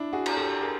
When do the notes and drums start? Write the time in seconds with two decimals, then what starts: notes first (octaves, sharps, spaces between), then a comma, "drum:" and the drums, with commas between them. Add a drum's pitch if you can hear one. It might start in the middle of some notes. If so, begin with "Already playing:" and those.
Already playing: D4 E4
0.13 F#4 G#4
0.26 drum: cymbal
0.37 G4 A4
0.62 G#4 A#4